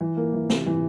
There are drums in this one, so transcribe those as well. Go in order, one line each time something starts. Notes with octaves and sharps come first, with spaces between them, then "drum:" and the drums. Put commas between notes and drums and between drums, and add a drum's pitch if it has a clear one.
E3
A#3
E3
C3, drum: snare
E3